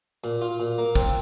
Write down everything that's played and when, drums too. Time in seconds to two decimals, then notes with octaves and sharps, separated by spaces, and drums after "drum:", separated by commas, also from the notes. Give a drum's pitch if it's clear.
0.24 A#2, drum: hi-hat
0.41 F4
0.60 A#2
0.78 A#3
0.95 C4, drum: kick, hi-hat